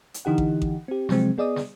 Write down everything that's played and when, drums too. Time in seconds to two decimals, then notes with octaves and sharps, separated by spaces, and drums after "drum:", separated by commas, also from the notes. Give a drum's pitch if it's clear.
0.14 drum: hi-hat
0.25 D3 E3 D#4 G4 F#5
0.38 drum: kick A1
0.62 drum: kick A1
0.88 C4 G4
1.09 C3 F3 F#3 G#3 C4, drum: snare
1.38 B3 G#4 D5 D#5 D#6
1.56 drum: snare